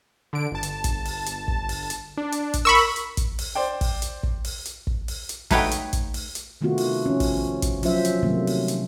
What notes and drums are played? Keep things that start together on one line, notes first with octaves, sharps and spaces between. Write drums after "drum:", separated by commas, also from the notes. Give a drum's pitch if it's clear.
D3 D7
G1 A5
drum: hi-hat
drum: kick, hi-hat
drum: open hi-hat
drum: hi-hat
drum: kick
drum: open hi-hat
drum: hi-hat
D4
drum: hi-hat
drum: kick, hi-hat
A#4 B5 C#6 E6
drum: open hi-hat
drum: hi-hat
drum: kick, hi-hat
drum: open hi-hat
C5 D5 G5
drum: kick, open hi-hat
drum: hi-hat
drum: kick
drum: open hi-hat
drum: hi-hat
drum: kick
drum: open hi-hat
drum: hi-hat
A3 D#4 B4 C#5 F#5 G5, drum: kick, open hi-hat
drum: hi-hat
drum: kick, hi-hat
drum: open hi-hat
drum: hi-hat
C3 D#3 A3 B3 F4 F#4
drum: open hi-hat
F3 C#4
drum: kick, open hi-hat
drum: kick, hi-hat
F3 F#3 C#4 F4 C5 E5, drum: open hi-hat
drum: hi-hat
C3 D#3 F#3 G3 A3 A#3
drum: open hi-hat
drum: hi-hat